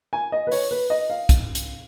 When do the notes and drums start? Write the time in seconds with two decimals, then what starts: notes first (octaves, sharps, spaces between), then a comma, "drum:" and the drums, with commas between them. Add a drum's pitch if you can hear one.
0.13 G#5
0.32 D#5
0.47 B4
0.52 C#5, drum: open hi-hat
0.71 B4
0.90 D#5
1.10 F5
1.29 drum: kick, hi-hat
1.55 drum: hi-hat